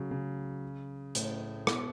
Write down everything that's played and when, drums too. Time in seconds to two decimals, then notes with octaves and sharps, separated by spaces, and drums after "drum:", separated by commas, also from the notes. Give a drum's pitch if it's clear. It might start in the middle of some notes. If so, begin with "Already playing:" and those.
Already playing: C#3 F#3
0.11 C#3
1.15 A2, drum: hi-hat
1.67 B2, drum: rim click